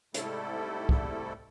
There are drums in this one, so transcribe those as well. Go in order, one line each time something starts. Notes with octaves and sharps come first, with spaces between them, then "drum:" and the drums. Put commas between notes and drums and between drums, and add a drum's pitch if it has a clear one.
G#2 C3 G3 A3 E4 A4, drum: hi-hat
drum: kick